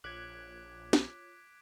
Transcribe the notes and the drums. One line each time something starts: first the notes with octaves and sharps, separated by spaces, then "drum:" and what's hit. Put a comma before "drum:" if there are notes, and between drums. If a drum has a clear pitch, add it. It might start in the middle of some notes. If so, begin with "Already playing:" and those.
A#1 F4 C#5 D6 F#6 G#6 B6 D7
drum: snare